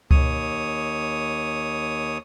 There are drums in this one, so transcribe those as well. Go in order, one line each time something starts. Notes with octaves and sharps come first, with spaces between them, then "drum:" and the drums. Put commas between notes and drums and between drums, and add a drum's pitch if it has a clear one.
D#2 C#5 D#6, drum: kick C#2